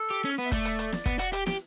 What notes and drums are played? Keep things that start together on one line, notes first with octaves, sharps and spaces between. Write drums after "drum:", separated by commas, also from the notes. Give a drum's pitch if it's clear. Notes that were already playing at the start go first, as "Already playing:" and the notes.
Already playing: A4
G4
C#4
B3
E5
A3 D5, drum: kick, hi-hat
drum: hi-hat
drum: hi-hat
drum: snare
B3, drum: kick, hi-hat
F#4, drum: hi-hat
G4, drum: hi-hat
G4, drum: snare